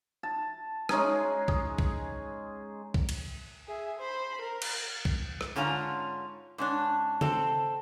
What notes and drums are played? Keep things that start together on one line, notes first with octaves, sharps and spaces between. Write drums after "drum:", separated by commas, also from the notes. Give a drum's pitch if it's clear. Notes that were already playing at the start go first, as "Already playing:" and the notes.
A5
G#3 C#4 D#4 G#4, drum: rim click
G#4, drum: kick B1
drum: kick B1
drum: kick B1
drum: cymbal
G#4 E5
C5 B5
A#4
drum: cymbal
drum: kick B1
drum: rim click
G#2 D3 C#4 F4 A#5
G#2 C#4 D4
C4 A4, drum: tom C#3